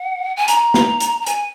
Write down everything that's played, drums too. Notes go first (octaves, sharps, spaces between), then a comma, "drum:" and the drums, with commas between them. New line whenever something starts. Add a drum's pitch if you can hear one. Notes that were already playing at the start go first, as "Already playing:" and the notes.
Already playing: F#5
G#5
A#5, drum: hi-hat
drum: snare
drum: hi-hat
A#5
G#5, drum: hi-hat